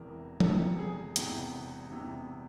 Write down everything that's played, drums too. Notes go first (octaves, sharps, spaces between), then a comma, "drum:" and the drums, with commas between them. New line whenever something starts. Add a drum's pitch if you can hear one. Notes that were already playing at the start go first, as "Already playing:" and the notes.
Already playing: E1 E2 C3 E3 A#4
E1 E2 C3 E3 A4, drum: tom F3
G#4
E1 E2 C3 E3, drum: hi-hat
E1 E2 C3 E3